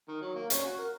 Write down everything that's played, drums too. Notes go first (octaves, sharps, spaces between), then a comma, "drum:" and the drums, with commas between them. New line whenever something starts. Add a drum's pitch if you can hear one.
D#3
F#3
A#3
C#4, drum: hi-hat
F#4
A#4